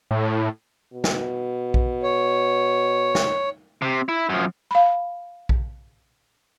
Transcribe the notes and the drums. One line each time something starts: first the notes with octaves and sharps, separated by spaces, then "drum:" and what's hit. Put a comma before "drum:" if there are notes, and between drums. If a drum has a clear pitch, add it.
A2
B2
drum: snare
drum: kick A#1
C#5
drum: snare
C3
E4
F#2 F3
F5 B5
drum: kick A#1